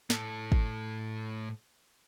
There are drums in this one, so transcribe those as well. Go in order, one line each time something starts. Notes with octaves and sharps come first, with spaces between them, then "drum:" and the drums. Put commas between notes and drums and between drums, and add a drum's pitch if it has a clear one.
A2 A4, drum: snare
drum: kick